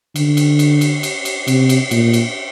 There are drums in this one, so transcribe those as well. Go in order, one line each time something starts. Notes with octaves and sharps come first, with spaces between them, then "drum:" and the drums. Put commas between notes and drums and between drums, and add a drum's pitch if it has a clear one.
D3, drum: cymbal
drum: cymbal
drum: cymbal
drum: cymbal
drum: cymbal
drum: cymbal
C3, drum: cymbal
drum: cymbal
A#2, drum: cymbal
drum: cymbal